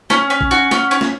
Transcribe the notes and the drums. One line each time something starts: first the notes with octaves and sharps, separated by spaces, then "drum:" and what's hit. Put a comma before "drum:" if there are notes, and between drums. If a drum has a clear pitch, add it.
C#4, drum: snare
C#4
drum: kick
F#4
C#4, drum: snare
C#4
drum: snare